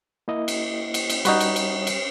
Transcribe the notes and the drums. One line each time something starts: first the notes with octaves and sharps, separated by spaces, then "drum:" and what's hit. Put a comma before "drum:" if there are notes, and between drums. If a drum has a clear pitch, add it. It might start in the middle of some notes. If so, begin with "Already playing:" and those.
A#3 E4 D#5
drum: cymbal
drum: cymbal
drum: cymbal
G3 D#4 F#4 B4, drum: cymbal
drum: cymbal
drum: cymbal
drum: cymbal